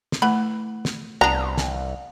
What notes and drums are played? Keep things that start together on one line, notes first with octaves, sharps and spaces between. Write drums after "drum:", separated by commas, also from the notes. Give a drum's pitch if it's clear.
drum: snare
E3 A3 B5
drum: snare
C2 B3 D4 A#5
drum: snare